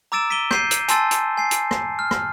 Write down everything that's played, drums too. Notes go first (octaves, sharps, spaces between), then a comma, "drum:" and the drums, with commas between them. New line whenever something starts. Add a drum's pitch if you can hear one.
A#5 D6 E6 A6 D7 E7
B6 D7 D#7 G7
G6 C7 D#7, drum: rim click
drum: hi-hat
G#5 A5 C6 E6 A6, drum: hi-hat
drum: hi-hat
G#5 C7
drum: hi-hat
drum: rim click
F6
drum: rim click